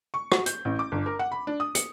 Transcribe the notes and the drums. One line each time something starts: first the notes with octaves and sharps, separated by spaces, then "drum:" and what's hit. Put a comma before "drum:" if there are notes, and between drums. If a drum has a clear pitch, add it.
C#6
F#4, drum: rim click
G6, drum: hi-hat
A1
D6
G1
A#4
F#5
B5
D4
D#6
C#7, drum: hi-hat